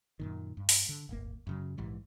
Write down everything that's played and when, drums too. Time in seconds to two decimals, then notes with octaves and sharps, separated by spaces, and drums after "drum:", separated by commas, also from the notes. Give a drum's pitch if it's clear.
0.20 F#2 A#2 D#3
0.57 G2
0.69 drum: open hi-hat
0.89 D3
1.09 D1 G1 A#3
1.47 F#2 C#3 F#3
1.78 A#1 G#2 E3 G3